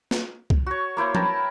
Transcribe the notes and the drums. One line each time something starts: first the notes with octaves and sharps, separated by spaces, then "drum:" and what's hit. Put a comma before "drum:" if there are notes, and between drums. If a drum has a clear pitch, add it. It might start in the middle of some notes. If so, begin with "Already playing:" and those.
drum: snare
drum: kick
F#4 C#5
A#3 E4 C5 C#5
A#4 B4 G5 A5, drum: tom